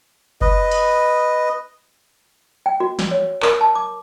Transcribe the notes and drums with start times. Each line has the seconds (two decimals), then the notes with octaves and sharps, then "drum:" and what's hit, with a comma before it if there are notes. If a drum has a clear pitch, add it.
0.41 B4 D#5, drum: kick F#1
0.71 drum: cymbal
2.66 G5
2.80 F#4
2.99 E6, drum: snare
3.11 C#5
3.42 A#4, drum: clap
3.61 A5
3.75 D6